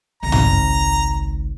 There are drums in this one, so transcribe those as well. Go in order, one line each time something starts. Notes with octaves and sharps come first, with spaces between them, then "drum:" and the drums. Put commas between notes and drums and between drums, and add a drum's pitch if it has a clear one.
G#1 C#2 A#5
drum: tom G2